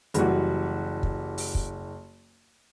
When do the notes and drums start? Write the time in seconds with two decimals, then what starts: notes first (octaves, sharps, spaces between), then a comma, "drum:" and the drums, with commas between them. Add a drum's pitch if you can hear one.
0.14 F#1 E3 G3 F#4, drum: hi-hat
1.03 drum: kick
1.38 drum: open hi-hat
1.55 drum: kick